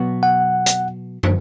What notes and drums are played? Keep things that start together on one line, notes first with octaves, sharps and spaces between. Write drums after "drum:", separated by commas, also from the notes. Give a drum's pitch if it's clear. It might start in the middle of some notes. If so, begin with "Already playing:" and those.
Already playing: B2 F#3 B3 F#4
F#5
drum: hi-hat
drum: tom